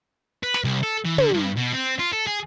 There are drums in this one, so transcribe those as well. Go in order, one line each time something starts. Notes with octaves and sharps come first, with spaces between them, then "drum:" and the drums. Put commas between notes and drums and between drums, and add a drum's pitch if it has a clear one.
B4
drum: snare
C2
A4
E3
D3, drum: tom
G2
B2
C4
F4
A4
G#4